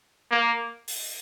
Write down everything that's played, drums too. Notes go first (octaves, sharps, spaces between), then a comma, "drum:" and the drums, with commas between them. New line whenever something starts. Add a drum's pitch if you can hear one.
A#3
drum: open hi-hat